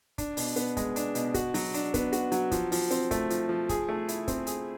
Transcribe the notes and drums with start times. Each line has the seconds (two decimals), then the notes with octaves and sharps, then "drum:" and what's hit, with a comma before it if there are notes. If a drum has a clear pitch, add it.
0.18 D4, drum: kick, hi-hat
0.37 B2, drum: open hi-hat
0.56 B3, drum: hi-hat
0.77 G#3, drum: kick, hi-hat
0.96 D4, drum: hi-hat
1.15 B2, drum: hi-hat
1.34 F#4, drum: kick, hi-hat
1.54 F#3, drum: open hi-hat
1.74 D4, drum: hi-hat
1.94 B3, drum: kick, hi-hat
2.12 F#4, drum: hi-hat
2.32 F#3, drum: hi-hat
2.51 F3, drum: kick, hi-hat
2.72 F3, drum: open hi-hat
2.91 C4, drum: hi-hat
3.11 A3, drum: kick, hi-hat
3.30 F3, drum: hi-hat
3.49 F3
3.69 G#4, drum: kick, hi-hat
3.89 A3
4.08 E4, drum: hi-hat
4.28 C4, drum: kick, hi-hat
4.47 G#4, drum: hi-hat